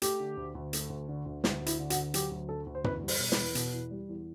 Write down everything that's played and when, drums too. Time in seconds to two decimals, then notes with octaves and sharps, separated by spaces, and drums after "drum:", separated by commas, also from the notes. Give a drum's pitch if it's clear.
0.02 A3 G4, drum: hi-hat
0.20 D3
0.37 D2
0.55 D2
0.73 A3, drum: hi-hat
0.90 D2
1.08 D3
1.26 D2
1.44 D2, drum: snare
1.61 D2
1.66 E4, drum: hi-hat
1.79 D3
1.90 F#4, drum: hi-hat
1.96 D2
2.14 F#3 G4, drum: hi-hat
2.31 D2
2.49 D3 A4
2.66 D2
2.75 C5
2.84 E2 B4, drum: tom
3.03 G3
3.08 C5, drum: open hi-hat
3.19 B2
3.32 B4, drum: snare
3.38 E2
3.55 B2, drum: hi-hat
3.73 E2
3.91 G3
4.09 E2